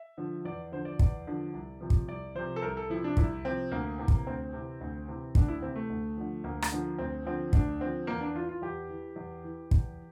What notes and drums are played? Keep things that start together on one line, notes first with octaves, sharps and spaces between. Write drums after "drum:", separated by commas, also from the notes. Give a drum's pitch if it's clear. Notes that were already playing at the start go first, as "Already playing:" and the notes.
Already playing: E5
D3 F3
E2 D5
D3 F3 C5
D5
E2 D5, drum: kick
D3 F3
C2
C3 F3
drum: kick
C2 D5
C3 F3 C5
A4
C2 A#4
A4
C3 F3 E4
D4
C2 E4, drum: kick
C3 F3 C4
D2 A#3
C3 E3
drum: kick
D2 C4
C3 E3
D2
C3 E3
D2 D4, drum: kick
E4
C3 E3 C4
A3
D2
D3 F3
D2 A#3
drum: rim click
D3 F3
D2 C4
D3 F3 C4
D2 D4, drum: kick
D3 F3 C4
E2 A#3
D4
E3 F4
F4
E2 G4
E3
E2
E3
E2, drum: kick